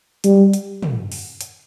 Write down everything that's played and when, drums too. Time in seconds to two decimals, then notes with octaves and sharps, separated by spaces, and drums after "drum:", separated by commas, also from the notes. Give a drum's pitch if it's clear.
0.24 G3, drum: hi-hat
0.53 drum: hi-hat
0.83 drum: tom
1.12 drum: open hi-hat
1.41 drum: hi-hat